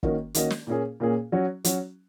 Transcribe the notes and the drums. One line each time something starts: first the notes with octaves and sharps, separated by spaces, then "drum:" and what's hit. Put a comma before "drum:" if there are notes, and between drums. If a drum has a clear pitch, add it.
D#3 A#3 C#4 F#4 D#5, drum: kick
D#3 A#3 C#4 F#4 D#5, drum: hi-hat
drum: snare
A#2 A#3 C#4 G#4
A#2 A#3 C#4 G#4
F#3 C#4 F#4
F#3 C#4 F#4, drum: hi-hat